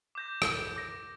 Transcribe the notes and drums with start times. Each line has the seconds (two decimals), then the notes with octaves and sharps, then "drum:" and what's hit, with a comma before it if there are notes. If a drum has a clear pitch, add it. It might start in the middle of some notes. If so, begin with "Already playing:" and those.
0.15 D6 G6 A#6
0.42 drum: rim click
0.76 D6 G6 A#6